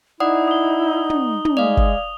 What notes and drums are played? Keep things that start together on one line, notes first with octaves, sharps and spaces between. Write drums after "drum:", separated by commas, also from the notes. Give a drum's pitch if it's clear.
D#4 E4 D5 F#5 D#6
D#6 G7
drum: tom
drum: tom
G#3 D5 F5 F7
drum: kick